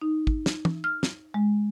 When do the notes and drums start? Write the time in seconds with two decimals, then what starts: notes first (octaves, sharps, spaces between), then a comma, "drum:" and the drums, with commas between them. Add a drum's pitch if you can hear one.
0.01 D#4
0.27 drum: kick
0.46 drum: snare
0.65 drum: tom
0.84 F6
1.03 drum: snare
1.34 G#3